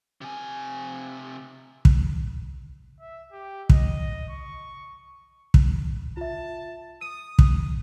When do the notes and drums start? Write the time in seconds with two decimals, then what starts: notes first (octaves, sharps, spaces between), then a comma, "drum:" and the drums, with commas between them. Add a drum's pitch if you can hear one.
0.21 C3 G#5
1.85 drum: kick
3.01 E5
3.32 G4
3.70 D#5, drum: kick
4.29 C#6
5.54 drum: kick
6.17 F4 E5 A5
7.01 D#6 D#7
7.39 drum: kick